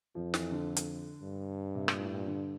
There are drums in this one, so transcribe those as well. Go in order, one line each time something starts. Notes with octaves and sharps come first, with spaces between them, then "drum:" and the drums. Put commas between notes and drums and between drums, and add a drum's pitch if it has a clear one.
F2 F3
E3, drum: snare
D3
drum: hi-hat
G2
C3
A#2, drum: rim click
A2
A#2
D3